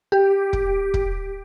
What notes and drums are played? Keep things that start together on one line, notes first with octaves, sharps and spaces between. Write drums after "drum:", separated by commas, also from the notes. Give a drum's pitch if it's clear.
G4
drum: kick
drum: kick